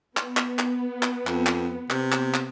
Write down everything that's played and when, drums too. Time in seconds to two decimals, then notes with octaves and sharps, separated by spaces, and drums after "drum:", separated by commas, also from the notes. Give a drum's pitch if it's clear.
0.17 B3, drum: clap
0.37 drum: clap
0.59 drum: clap
1.03 drum: clap
1.27 F2, drum: clap
1.47 drum: clap
1.90 C3, drum: clap
2.12 drum: clap
2.34 drum: clap